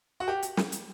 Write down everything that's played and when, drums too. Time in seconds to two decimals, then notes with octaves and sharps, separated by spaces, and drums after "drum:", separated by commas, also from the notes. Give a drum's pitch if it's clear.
0.20 F#4
0.28 G4
0.43 drum: hi-hat
0.57 drum: snare
0.72 drum: hi-hat